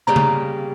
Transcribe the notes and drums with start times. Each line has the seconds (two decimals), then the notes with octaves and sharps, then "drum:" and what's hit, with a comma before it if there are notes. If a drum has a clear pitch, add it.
0.07 C#3 G3 A#3 A#5
0.16 drum: tom C#3